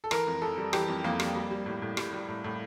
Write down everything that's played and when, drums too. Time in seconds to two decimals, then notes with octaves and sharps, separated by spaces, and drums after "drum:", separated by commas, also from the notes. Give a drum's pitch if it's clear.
0.04 A4
0.11 E3 A#4, drum: rim click
0.27 F2
0.42 F2 A4
0.58 G3
0.73 E3 G4, drum: rim click
0.88 F2
1.04 F2 A#3
1.20 G3, drum: rim click
1.35 G3
1.51 G3
1.66 A2
1.82 A2
1.97 G3, drum: rim click
2.13 G3
2.28 A2
2.44 A2